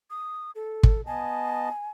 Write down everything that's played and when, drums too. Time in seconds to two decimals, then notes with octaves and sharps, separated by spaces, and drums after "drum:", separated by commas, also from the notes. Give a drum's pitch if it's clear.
0.10 D#6
0.55 A4
0.83 drum: kick
1.07 B3 D#5 G#5 A5